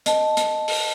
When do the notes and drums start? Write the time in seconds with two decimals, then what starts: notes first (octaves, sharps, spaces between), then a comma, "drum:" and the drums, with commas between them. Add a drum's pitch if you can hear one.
0.06 D#5 A5, drum: hi-hat
0.37 drum: hi-hat
0.68 drum: open hi-hat